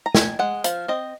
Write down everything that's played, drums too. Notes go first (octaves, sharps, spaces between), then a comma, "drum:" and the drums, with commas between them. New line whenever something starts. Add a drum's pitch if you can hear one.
A#5
D#3 G#5, drum: snare
G#3 F#5
F3 F5, drum: hi-hat
C4 D#5